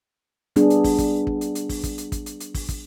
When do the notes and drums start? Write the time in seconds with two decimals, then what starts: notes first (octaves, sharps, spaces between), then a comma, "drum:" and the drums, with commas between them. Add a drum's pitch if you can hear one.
0.56 G3 B3 D4 G#4, drum: hi-hat
0.70 drum: hi-hat
0.84 drum: kick, open hi-hat
0.98 drum: kick, hi-hat
1.27 drum: kick
1.41 drum: hi-hat
1.55 drum: hi-hat
1.69 drum: kick, open hi-hat
1.84 drum: kick, hi-hat
1.98 drum: hi-hat
2.12 drum: kick, hi-hat
2.26 drum: hi-hat
2.40 drum: hi-hat
2.54 drum: kick, open hi-hat
2.69 drum: kick, hi-hat